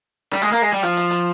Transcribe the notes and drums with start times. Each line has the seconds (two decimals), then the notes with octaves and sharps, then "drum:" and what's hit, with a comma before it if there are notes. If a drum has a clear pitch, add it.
0.33 G3
0.42 G#3, drum: hi-hat
0.52 A#3
0.62 G#3
0.73 G3
0.83 F3, drum: hi-hat
0.97 drum: hi-hat
1.10 drum: hi-hat